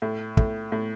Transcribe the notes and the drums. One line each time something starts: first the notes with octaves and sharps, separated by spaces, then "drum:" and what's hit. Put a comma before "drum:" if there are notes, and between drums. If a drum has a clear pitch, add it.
A2
A2, drum: kick
A2